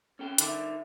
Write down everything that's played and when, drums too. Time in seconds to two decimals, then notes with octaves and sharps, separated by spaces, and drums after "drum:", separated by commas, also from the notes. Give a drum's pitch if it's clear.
0.19 C#4 A4 G5
0.38 D3 D#4 A#4 E5, drum: hi-hat